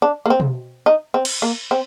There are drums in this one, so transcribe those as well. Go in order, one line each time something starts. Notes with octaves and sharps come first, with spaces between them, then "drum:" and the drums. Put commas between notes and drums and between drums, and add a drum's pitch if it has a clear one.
D4
A#3
C4
drum: tom B2
D#4
C4
drum: cymbal
A#3
C4